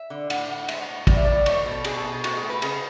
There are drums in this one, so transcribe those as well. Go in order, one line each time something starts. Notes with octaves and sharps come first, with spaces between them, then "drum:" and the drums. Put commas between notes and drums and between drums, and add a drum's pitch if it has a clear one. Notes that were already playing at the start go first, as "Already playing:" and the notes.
Already playing: E5
D3
A2 F#5, drum: cymbal
A2 F#5
G#3 E5, drum: cymbal
F#5
A2
A2 D5, drum: kick, cymbal
E5
A2 D5
A3 C#5, drum: cymbal
B2
A4
B2 G#4, drum: cymbal
A4
B2 G#4
A2 F#4, drum: cymbal
G#4
A3
B4
C#3 G#4, drum: cymbal